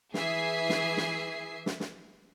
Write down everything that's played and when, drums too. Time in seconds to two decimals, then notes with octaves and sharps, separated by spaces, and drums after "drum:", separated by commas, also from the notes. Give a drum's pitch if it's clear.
0.14 E3 G#4 E5 G#5 C7, drum: snare
0.69 drum: snare
0.97 drum: snare
1.66 drum: snare
1.80 drum: snare